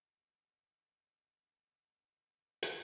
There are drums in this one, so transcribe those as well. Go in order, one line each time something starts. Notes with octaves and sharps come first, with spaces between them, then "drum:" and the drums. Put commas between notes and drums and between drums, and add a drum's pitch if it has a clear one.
B2 F#3 A3 D#4
D4 D#4 G4 A#4 C5 C#5
C#4
D2 F#3 D4 F4
B3 A4 B4
C2 G#2 A#3 F4
drum: hi-hat